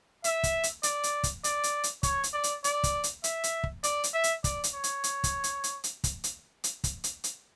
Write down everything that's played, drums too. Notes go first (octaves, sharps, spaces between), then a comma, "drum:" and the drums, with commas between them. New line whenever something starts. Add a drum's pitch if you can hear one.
E5, drum: hi-hat
drum: kick, hi-hat
drum: hi-hat
D5, drum: hi-hat
drum: hi-hat
drum: kick, hi-hat
D5, drum: hi-hat
drum: hi-hat
drum: hi-hat
C#5, drum: kick, hi-hat
drum: hi-hat
D5
drum: hi-hat
D5, drum: hi-hat
drum: kick, hi-hat
drum: hi-hat
E5, drum: hi-hat
drum: hi-hat
drum: kick
D5, drum: hi-hat
drum: hi-hat
E5
drum: hi-hat
D5, drum: kick, hi-hat
drum: hi-hat
C#5
drum: hi-hat
drum: hi-hat
drum: kick, hi-hat
drum: hi-hat
drum: hi-hat
drum: hi-hat
drum: kick, hi-hat
drum: hi-hat
drum: hi-hat
drum: kick, hi-hat
drum: hi-hat
drum: hi-hat